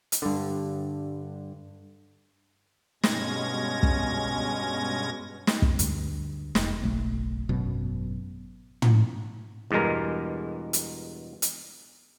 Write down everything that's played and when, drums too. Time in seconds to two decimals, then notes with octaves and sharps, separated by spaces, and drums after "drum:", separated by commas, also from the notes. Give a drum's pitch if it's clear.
0.12 drum: hi-hat
0.22 G2 D3
3.03 G2 B2 G#3 C#4 G#6 A#6, drum: snare
3.83 drum: kick
5.47 drum: snare
5.62 drum: kick
5.79 D2 G2, drum: hi-hat
6.55 F1, drum: snare
6.82 F#1 B1 A3
7.49 G#1 F#2 B2 F#3
8.82 drum: tom
9.71 E2 G2 B2 G#3 A#4
10.73 drum: hi-hat
11.42 drum: hi-hat